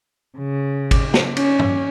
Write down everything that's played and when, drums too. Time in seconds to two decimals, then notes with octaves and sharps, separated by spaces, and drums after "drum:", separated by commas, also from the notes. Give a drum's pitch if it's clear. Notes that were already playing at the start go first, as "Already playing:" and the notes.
0.38 C#3
0.91 drum: kick, cymbal
1.14 drum: snare
1.37 C#4, drum: cymbal
1.59 drum: tom